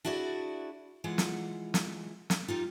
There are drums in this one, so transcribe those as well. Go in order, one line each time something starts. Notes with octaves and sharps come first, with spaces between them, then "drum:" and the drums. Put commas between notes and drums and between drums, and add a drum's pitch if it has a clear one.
D4 E4 F#4 G#4 D5
E3 G#3 F4 F#5
drum: snare
drum: snare
drum: snare
G3 D#4 F4